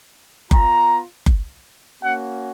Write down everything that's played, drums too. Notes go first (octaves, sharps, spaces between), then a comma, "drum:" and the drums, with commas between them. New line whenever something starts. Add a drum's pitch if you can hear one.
B3 F4 A#5, drum: kick F#1
drum: kick F#1
A#3 C#4 F#4 F#5